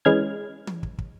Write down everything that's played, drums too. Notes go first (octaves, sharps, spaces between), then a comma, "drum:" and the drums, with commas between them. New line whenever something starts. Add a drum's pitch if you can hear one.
E3 G#3 C#4 F6 G#6
drum: tom E3
drum: kick
drum: kick